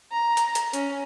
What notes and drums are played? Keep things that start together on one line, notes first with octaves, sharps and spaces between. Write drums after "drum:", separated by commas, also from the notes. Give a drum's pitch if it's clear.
A#5
drum: hi-hat
drum: hi-hat
C#4, drum: hi-hat